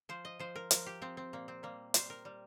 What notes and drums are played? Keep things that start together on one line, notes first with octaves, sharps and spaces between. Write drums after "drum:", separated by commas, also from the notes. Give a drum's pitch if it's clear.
F3 C5
D#5
F3 C5
A#4
F3 A#4, drum: hi-hat
G4
F3 C4
C4
A#2 A#3
C4
G3 A#3
G3 C5, drum: hi-hat
A#4
G3